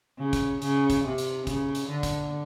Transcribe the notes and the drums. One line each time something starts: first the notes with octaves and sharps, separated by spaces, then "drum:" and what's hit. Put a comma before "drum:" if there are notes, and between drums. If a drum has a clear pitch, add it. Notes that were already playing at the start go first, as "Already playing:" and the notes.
C#3
drum: kick, hi-hat
C#3, drum: hi-hat
drum: kick, hi-hat
C3
drum: hi-hat
C#3, drum: kick, hi-hat
drum: hi-hat
D3
drum: kick, hi-hat